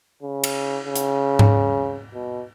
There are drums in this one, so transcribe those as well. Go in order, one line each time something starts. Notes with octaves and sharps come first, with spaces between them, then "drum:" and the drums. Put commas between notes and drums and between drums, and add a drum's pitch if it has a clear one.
C#3
drum: cymbal
C#3
drum: hi-hat
drum: tom G#2
B2